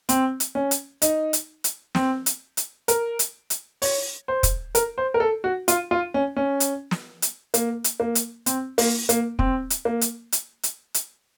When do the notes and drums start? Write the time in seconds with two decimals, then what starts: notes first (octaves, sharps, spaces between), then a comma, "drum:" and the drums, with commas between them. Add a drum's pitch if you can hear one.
0.09 C4, drum: hi-hat
0.40 drum: hi-hat
0.55 C#4
0.71 drum: hi-hat
1.02 D#4, drum: hi-hat
1.33 drum: hi-hat
1.64 drum: hi-hat
1.95 C4, drum: snare
2.26 drum: hi-hat
2.57 drum: hi-hat
2.88 A#4, drum: hi-hat
3.19 drum: hi-hat
3.50 drum: hi-hat
3.82 C#5, drum: open hi-hat
4.28 C5
4.43 drum: kick, hi-hat
4.75 A#4, drum: hi-hat
4.98 C5
5.14 A#4
5.20 A4
5.44 F#4
5.68 F4, drum: hi-hat
5.91 F4
6.14 C#4
6.37 C#4
6.60 drum: hi-hat
6.91 drum: snare
7.22 drum: hi-hat
7.54 A#3, drum: hi-hat
7.84 drum: hi-hat
8.00 A#3
8.15 drum: hi-hat
8.46 C4, drum: hi-hat
8.78 A#3, drum: open hi-hat
9.09 A#3, drum: hi-hat
9.39 C4, drum: kick
9.70 drum: hi-hat
9.85 A#3
10.01 drum: hi-hat
10.32 drum: hi-hat
10.63 drum: hi-hat
10.94 drum: hi-hat